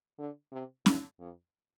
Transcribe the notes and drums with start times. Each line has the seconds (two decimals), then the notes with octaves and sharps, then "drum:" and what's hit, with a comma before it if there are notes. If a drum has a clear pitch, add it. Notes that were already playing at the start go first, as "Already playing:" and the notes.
0.19 D3
0.52 C3
0.86 G2, drum: snare C#4
1.19 F2